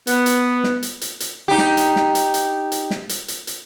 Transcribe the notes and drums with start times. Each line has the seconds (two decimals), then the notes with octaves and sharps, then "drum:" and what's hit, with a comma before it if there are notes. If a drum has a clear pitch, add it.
0.07 B3, drum: hi-hat
0.26 drum: hi-hat
0.64 drum: snare
0.83 drum: hi-hat
1.01 drum: hi-hat
1.20 drum: hi-hat
1.48 D#4 G4
1.58 drum: snare
1.77 drum: hi-hat
1.96 drum: snare
2.15 drum: hi-hat
2.34 drum: hi-hat
2.72 drum: hi-hat
2.90 drum: snare
3.09 drum: hi-hat
3.28 drum: hi-hat
3.47 drum: hi-hat